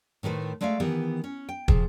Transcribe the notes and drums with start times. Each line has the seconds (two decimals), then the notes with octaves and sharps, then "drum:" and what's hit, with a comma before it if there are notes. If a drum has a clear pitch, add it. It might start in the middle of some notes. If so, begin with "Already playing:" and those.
0.23 A2 D#3 A3 B4 C5
0.61 G#3 A3 D5 E5 F5
0.80 D#3 E3 B3 G4
1.24 C#4
1.49 G5
1.68 C3 F3 G#4, drum: kick